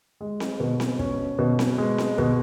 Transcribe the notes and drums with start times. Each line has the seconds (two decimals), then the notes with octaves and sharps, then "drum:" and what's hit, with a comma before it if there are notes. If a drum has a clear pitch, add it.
0.21 G#3
0.40 drum: snare C4
0.60 B2
0.80 drum: snare C4
0.99 C#4, drum: kick
1.39 B2
1.59 drum: snare C4
1.78 G#3
1.98 drum: snare C4
2.18 B2, drum: kick